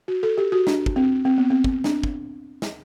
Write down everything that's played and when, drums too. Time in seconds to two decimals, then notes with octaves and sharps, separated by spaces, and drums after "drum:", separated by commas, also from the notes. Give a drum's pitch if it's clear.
0.08 F#4
0.23 A4
0.38 G4
0.52 F#4
0.67 D4, drum: snare
0.86 drum: kick
0.96 C4
1.25 C4
1.38 B3
1.51 C4
1.64 drum: kick
1.84 D4, drum: snare
2.03 drum: kick
2.62 drum: snare